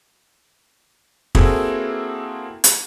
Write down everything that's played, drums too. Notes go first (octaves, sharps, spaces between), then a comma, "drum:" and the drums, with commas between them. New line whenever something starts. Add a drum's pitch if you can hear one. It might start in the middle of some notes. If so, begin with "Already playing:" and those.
A#3 C4 E4 F#4 G#4 A4, drum: kick
drum: hi-hat